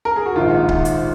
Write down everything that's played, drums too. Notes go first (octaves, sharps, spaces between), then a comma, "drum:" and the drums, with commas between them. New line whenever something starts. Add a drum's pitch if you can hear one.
A#4
G#4
F#4
A#1 G#2 D#3 F4
drum: kick C#1
drum: hi-hat